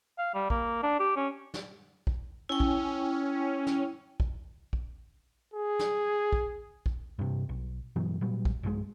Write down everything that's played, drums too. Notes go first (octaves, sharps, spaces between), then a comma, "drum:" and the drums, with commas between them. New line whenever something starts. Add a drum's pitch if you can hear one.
F5
G3
A#3, drum: kick
D4
G4
C#4
drum: snare
drum: kick
C#4 E4 G5
drum: kick
drum: snare
drum: kick
drum: kick
G#4
drum: snare
drum: kick
drum: kick
G2 C3
B1
G2 B2 E3 F#3
A#2 F#3 G3
drum: kick
B1 G2 E3 G#3